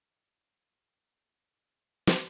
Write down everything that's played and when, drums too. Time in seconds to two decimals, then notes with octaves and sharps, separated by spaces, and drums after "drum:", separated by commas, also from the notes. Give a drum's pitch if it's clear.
0.27 F#4
0.51 C4
0.75 C5
1.30 B4
1.65 A#2
2.07 drum: snare